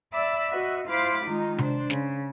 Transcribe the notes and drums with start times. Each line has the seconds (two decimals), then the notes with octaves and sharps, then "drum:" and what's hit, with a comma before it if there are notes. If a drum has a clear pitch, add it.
0.12 D5 E5 B5 D6 E6
0.50 F#4 B4 D#5 E5
0.87 E4 F4 C5 F5 B5 D6
1.24 D#3 G#3 D#4 F4
1.58 D4 C5, drum: tom C3
1.90 C#3, drum: snare